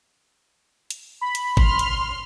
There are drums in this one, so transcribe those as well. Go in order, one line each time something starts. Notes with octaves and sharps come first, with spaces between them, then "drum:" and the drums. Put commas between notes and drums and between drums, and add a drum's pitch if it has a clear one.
drum: hi-hat
B5
drum: hi-hat
C6 F6, drum: kick G#1
drum: hi-hat